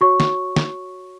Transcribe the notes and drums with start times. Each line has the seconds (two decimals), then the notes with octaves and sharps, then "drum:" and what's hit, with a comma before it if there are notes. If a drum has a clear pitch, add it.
0.01 F#4 C#5 C#6
0.20 drum: snare
0.56 drum: snare